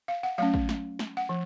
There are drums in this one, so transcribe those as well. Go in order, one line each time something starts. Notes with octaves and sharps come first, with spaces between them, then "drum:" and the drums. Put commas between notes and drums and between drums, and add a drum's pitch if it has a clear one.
F5
F#5
F#3 A3 C#4 F5
drum: kick
drum: snare
drum: snare
F#5
F3